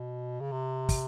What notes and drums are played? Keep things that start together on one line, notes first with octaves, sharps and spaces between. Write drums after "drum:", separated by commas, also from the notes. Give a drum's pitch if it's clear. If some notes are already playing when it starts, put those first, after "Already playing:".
Already playing: B2
C#3
C3
drum: kick, open hi-hat